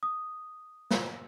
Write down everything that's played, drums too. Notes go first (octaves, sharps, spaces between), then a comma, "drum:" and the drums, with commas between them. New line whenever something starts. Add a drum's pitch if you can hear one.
D#6
drum: snare